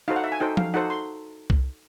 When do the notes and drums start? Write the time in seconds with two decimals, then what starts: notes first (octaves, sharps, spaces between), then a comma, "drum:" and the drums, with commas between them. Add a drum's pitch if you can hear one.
0.08 D#4 F#4 A4 C5 F5
0.16 F#5
0.24 E5
0.32 G#5
0.40 D#4 F#4 A4 C5 G5
0.57 F5, drum: tom F3
0.74 D#4 F#4 A4 C5 F#5
0.90 C6
1.50 drum: kick C2